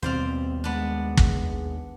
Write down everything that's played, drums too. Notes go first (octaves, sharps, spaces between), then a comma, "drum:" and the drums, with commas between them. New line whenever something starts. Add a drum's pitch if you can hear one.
D#2 B2 G3 C4 C5 D5 F5
G#3 B3 D4
drum: kick